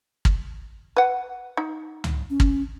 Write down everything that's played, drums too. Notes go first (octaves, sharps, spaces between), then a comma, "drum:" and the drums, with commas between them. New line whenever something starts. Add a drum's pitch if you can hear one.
drum: kick
B4 F#5
D#4
drum: tom C#2
C#4
drum: kick